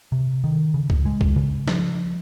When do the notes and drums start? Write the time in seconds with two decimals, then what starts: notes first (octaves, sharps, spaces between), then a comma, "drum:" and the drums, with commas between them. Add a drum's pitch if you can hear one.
0.12 C3
0.44 D#3
0.74 C#3
0.90 drum: kick C2
1.05 G#3
1.21 drum: kick C2
1.36 C#3
1.68 F3, drum: snare